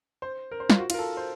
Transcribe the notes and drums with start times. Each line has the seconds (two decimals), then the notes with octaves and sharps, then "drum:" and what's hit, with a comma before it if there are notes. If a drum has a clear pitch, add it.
0.22 C5
0.51 A#4
0.60 C5
0.70 F4, drum: snare
0.79 F#4
0.90 F4, drum: cymbal
0.94 A#4
0.99 A4
1.17 C5